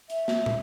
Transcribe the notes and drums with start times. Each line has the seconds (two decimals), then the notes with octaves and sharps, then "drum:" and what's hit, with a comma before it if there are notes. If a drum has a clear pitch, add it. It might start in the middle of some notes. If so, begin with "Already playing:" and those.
0.10 E5, drum: hi-hat
0.28 drum: snare
0.46 drum: tom